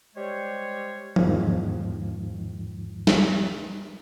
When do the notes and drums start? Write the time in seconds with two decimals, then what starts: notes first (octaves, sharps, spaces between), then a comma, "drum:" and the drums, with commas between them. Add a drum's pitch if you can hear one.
0.16 G3 G#3 C5 C#5
1.16 E2 G#2 D#3 F3, drum: tom F3
3.07 drum: snare